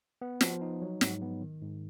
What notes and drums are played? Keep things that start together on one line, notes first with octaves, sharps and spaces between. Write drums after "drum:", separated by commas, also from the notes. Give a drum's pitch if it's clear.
B3
F3, drum: snare
D#4
F#3
G#2, drum: snare
B3
D#3
G#2